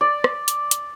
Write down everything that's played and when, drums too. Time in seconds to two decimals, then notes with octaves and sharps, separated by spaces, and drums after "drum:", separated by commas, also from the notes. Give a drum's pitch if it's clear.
0.01 D5
0.24 drum: rim click
0.48 drum: hi-hat
0.71 drum: hi-hat